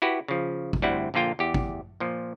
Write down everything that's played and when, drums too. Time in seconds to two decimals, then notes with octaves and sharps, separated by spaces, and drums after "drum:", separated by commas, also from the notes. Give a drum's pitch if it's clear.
0.02 E4 F#4 G4 B4
0.28 C#3 F3
0.73 drum: kick G#1
0.82 D2 G3 C4 E4 F#5
1.14 A#1 D3 A#3 F4 G5
1.39 E2 G4
1.54 drum: kick G#1
2.00 A#2 F3